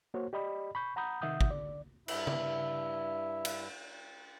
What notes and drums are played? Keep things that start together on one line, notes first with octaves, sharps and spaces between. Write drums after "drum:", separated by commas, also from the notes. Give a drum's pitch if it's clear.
A#3 F#4 C5 C#5
G4 D5 D#5 B5
B5 C#6 G6
F#5 A#5 B5 D#6 G6
C3 D#3 E5 F#5 D#6 G6
drum: kick
D3 D5
G2 E4 E5, drum: cymbal
drum: tom C#3
drum: cymbal